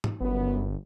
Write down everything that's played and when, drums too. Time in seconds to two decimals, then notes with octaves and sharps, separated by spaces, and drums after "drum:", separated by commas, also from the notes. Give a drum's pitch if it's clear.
0.04 drum: tom G#2
0.21 G1 F#2 B3